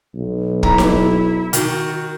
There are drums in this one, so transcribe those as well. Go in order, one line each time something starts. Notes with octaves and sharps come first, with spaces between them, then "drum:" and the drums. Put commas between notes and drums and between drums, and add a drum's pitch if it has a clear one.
B1
E4 A#5, drum: kick
drum: snare D#4
D#3 F#4, drum: hi-hat